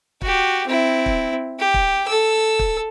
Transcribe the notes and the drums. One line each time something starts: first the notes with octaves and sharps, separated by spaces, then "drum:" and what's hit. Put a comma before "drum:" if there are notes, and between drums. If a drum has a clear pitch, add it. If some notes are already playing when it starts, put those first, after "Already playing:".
F#4 G4, drum: kick
C4 E4
drum: kick
G4
drum: kick
A4 E6
drum: kick